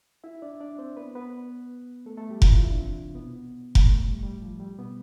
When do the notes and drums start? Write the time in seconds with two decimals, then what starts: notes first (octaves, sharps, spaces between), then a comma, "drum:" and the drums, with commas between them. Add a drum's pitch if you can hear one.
0.24 E4 E5
0.42 D4 D5
0.60 D4 D5
0.79 C4 C5
0.97 B3 B4
1.15 B3 B4
2.06 A3 A4
2.18 A3 A4
2.30 G3 G4
2.42 E3 E4, drum: kick F1
2.53 F4
2.62 E4
2.70 D4
2.78 C3 C4
3.15 B2 B3
3.75 drum: kick F1
3.87 A2 A3
4.05 G3
4.23 G3
4.42 F3
4.60 G3
4.79 B2 B3